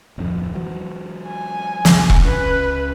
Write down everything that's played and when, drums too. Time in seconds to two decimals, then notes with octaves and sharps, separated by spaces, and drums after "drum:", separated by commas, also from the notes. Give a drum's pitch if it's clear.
0.18 D1 F2
0.54 E3 F#3
1.27 G#5
1.85 C2 F2, drum: snare
2.10 drum: kick E1
2.25 C#2 C#4 B4